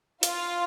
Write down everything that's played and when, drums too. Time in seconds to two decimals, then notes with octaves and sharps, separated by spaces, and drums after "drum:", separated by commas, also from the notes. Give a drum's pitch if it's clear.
0.23 F4 F5, drum: hi-hat